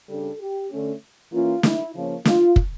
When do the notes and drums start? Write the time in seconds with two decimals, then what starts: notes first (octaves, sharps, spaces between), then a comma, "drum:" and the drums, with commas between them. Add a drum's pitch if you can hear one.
0.09 C#3 G3 D4 A4
0.40 G4
0.71 D3 A3 C#4
1.32 E3 A#3 C#4 F4
1.63 E4, drum: snare
1.94 C#3 F3 A#3 C#4
2.25 F4, drum: snare
2.56 drum: kick